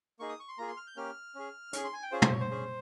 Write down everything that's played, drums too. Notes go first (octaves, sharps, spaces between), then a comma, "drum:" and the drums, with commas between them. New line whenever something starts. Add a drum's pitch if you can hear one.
A#3 D#4 G#4 C#6
D#6
C#6
C6
A#3 F4 G#4 A#5
C6
F6
G6
A#3 C#4 G4 F6
C#4 G#4
C#4 G#4 C#6, drum: hi-hat
C6
G#5
G5
C#4 F4 G#4 C5
C5, drum: tom
C#5
C5
C#4 G#4